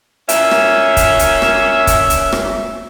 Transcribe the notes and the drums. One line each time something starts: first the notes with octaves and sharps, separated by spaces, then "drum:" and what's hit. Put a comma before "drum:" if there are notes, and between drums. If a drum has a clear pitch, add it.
A#2 C#4 E5, drum: hi-hat
drum: rim click
drum: kick, hi-hat
drum: hi-hat
drum: rim click
drum: kick, hi-hat
drum: hi-hat
drum: rim click